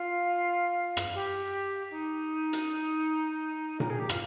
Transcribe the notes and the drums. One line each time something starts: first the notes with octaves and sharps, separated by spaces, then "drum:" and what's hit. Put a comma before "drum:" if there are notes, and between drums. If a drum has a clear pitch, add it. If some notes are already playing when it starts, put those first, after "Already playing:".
Already playing: F4
drum: rim click
G4
D#4
drum: hi-hat
A#4, drum: tom A#2
G#4
G4
F4, drum: rim click